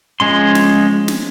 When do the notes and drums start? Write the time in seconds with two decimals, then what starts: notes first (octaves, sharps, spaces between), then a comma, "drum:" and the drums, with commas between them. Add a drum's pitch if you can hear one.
0.20 F3 G#3 C#4 C6
0.55 drum: snare
1.08 drum: snare